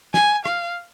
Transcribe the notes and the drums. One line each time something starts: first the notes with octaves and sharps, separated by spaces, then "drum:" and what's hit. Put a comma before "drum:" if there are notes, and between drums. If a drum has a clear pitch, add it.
G#5, drum: snare
F5, drum: rim click